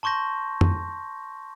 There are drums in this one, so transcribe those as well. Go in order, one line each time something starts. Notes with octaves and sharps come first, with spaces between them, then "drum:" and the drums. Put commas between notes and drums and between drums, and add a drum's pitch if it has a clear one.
A5 C6 C#6 G6 A#6
drum: tom